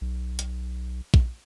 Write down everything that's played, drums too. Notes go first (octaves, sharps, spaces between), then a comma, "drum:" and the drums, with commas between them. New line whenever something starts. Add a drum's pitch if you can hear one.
B1
drum: hi-hat
drum: kick